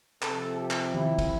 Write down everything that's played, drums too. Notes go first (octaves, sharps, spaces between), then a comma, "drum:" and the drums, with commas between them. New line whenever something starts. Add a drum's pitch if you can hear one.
C3 F3 A4, drum: clap
G4
drum: clap
E4, drum: tom D#3
drum: kick, cymbal